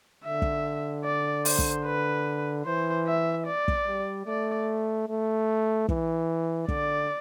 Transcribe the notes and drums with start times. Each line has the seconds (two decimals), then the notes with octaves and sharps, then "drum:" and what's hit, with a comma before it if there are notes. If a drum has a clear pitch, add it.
0.24 D3 E5
0.42 drum: kick
1.04 D5
1.45 C5, drum: open hi-hat
1.59 drum: kick
1.86 B4
2.65 E3 C5
3.07 E5
3.47 D5
3.68 drum: kick
3.87 G3
4.27 A3 D5
5.08 A3
5.89 E3, drum: kick
6.68 D3 D5, drum: kick